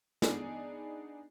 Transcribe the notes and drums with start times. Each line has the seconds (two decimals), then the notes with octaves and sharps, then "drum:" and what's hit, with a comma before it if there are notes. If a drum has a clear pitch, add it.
0.22 B3 D4 D#4 G#4, drum: snare